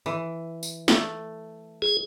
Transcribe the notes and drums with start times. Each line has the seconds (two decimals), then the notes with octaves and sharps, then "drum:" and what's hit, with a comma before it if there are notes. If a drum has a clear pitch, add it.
0.06 E3
0.63 drum: tambourine
0.88 A3, drum: snare
1.82 G#4